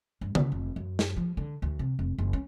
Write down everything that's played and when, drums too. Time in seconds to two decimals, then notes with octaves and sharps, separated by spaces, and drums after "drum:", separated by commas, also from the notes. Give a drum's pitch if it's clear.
0.21 G2
0.35 C#3, drum: tom D3
0.52 F1
0.76 F#2
0.99 drum: snare
1.17 F3
1.37 D3
1.62 D2
1.79 C3
1.99 F1
2.18 F#1
2.33 C#4